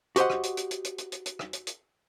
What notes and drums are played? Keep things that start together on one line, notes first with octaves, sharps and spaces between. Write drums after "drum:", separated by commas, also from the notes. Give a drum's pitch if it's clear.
F#4 G4 C5 D#5 F#5, drum: hi-hat
drum: rim click
drum: hi-hat
drum: hi-hat
drum: hi-hat
drum: hi-hat
drum: hi-hat
drum: hi-hat
drum: hi-hat
drum: rim click
drum: hi-hat
drum: hi-hat